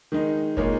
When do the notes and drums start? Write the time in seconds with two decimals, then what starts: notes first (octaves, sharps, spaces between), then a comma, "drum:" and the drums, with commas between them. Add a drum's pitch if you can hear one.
0.12 D#3 G#3 D#4
0.57 A#2 G#3 D#4 A#4 C#5, drum: kick